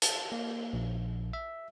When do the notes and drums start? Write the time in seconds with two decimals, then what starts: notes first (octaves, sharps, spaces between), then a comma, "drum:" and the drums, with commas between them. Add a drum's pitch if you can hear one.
0.02 A5, drum: hi-hat
0.32 A#3
0.73 A#1
1.33 E5